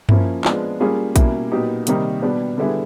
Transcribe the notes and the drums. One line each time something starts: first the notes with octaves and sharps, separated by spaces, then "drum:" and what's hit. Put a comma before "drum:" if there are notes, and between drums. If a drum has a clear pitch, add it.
F3 A#3 C#4 E4, drum: tom G2
F3 G#3 B3 D4 F4, drum: clap
G3 A#3 C#4 F4 G#4
B2 G3 A#3 C#4 E4, drum: kick A#1, hi-hat
A#2 F#3 B3 D#4 G4
C3 D#3 G3 A#3 D#4, drum: hi-hat
B2 G3 B3 D4 G4
D3 G3 B3 E4 G#4